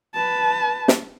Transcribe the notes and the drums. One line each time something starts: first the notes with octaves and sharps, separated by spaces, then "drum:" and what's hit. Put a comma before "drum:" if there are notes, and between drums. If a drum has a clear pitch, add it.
B4 A5
drum: snare